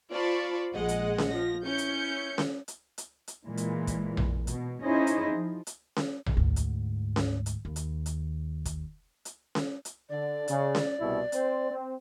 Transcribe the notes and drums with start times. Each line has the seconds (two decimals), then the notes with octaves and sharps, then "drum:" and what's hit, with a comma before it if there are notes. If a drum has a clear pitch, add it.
0.10 F4 C5 D5 A5 B5 C#6
0.73 A#1 G#3 D#5 F#5
0.88 drum: hi-hat
1.18 drum: snare C#4
1.28 F3 A#6
1.65 C#4 E4 G6 C#7
1.78 drum: hi-hat
2.38 drum: snare C#4
2.68 drum: hi-hat
2.98 drum: hi-hat
3.28 drum: hi-hat
3.46 A#2 E3 G#3
3.57 drum: hi-hat
3.87 drum: kick, hi-hat
4.17 drum: tom A#1
4.47 B2, drum: hi-hat
4.82 C#4 D#4 E4 G#4 C5 D#5
5.07 drum: hi-hat
5.33 F3
5.67 drum: hi-hat
5.96 drum: snare C#4
6.26 drum: tom A#1
6.37 D2 G#2
6.56 drum: hi-hat
7.16 drum: snare C#4
7.46 drum: hi-hat
7.65 D#2
7.76 drum: hi-hat
8.06 drum: hi-hat
8.65 drum: kick, hi-hat
9.25 drum: hi-hat
9.55 drum: snare C#4
9.85 drum: hi-hat
10.10 D3 D5
10.48 C#3, drum: hi-hat
10.75 drum: snare C#4
11.00 C2 B2 E4
11.32 C4 C5, drum: hi-hat
11.70 C4